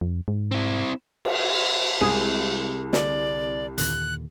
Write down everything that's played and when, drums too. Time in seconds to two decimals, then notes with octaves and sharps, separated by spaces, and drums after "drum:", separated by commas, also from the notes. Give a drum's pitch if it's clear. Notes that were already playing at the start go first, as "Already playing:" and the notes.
0.01 F2
0.28 G#2
0.51 C4 E4
1.25 drum: cymbal
2.01 C2 G#3 G#4
2.93 D3 D5, drum: snare
3.78 D#2 A#2 D3 F#6, drum: hi-hat